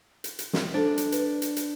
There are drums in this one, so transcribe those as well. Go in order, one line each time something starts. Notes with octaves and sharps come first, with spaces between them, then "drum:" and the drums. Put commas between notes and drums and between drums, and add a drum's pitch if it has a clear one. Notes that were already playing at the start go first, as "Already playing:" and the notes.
drum: hi-hat
drum: hi-hat
drum: snare
D4 A4 C5
drum: hi-hat
B4, drum: hi-hat
drum: hi-hat
drum: hi-hat